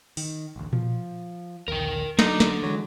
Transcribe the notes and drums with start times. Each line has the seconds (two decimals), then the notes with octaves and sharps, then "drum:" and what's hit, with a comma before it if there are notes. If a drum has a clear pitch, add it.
0.17 D#3, drum: open hi-hat
0.56 A1 D2
0.73 F3, drum: tom A#2
1.68 A#1 D#2 A#4 G5
2.19 F#3 D4 D#4 A4, drum: snare
2.40 drum: snare
2.63 E3 F#3 G#3